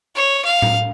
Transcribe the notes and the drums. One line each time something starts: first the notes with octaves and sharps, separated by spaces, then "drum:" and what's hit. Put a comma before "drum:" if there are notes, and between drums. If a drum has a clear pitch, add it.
C#5
F5
drum: tom A2